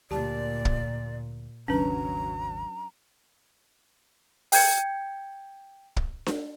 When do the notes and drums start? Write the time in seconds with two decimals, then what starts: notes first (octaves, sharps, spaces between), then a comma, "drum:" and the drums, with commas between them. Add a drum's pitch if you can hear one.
0.11 D2 A#2 G4 D5 A5
0.65 drum: kick
1.68 G#1 D#2 C#3 F#3 C#4 D4 B4 A#5
4.52 G5 G6 G#6 C#7, drum: open hi-hat
5.96 drum: kick
6.26 drum: snare D4